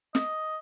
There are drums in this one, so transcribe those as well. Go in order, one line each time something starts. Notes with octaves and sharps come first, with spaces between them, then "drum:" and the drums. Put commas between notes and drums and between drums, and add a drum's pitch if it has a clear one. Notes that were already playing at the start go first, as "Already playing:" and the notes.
D#5, drum: snare